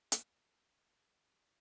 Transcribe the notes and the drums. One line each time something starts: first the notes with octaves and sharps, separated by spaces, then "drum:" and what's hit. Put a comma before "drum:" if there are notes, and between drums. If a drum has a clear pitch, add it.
drum: hi-hat
F4 D#6
G4 G5
A#3 B3 A#4 E5 F5 G5